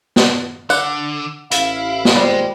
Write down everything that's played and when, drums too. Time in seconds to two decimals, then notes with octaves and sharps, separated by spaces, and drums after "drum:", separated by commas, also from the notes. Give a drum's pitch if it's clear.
0.16 drum: snare
0.70 D3 F#5, drum: tambourine
1.51 A1 E4 F5, drum: hi-hat
2.05 drum: snare
2.16 G#1 A#2 G3 G#3 C5